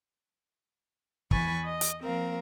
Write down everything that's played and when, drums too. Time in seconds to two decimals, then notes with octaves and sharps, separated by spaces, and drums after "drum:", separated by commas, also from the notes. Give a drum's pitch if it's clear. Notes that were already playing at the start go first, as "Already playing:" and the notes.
1.31 E2 E3 B4 G#5 C#6 A6, drum: kick
1.64 D#5
1.81 drum: hi-hat
2.03 F3 A#3 C4 A#4 F5